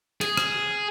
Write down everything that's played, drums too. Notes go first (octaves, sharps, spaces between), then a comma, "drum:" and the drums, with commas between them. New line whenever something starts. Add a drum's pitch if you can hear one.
G#4, drum: cymbal
drum: rim click